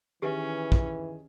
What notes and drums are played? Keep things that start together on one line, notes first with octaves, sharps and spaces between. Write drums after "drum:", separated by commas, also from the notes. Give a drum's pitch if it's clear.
D#3 E3 C#4 G4 G#4 B4 E5 G#5
drum: kick